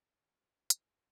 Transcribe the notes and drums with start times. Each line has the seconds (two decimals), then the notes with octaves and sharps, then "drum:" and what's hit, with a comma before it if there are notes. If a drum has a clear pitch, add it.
0.12 F4
0.70 G1 A#4 G#5, drum: hi-hat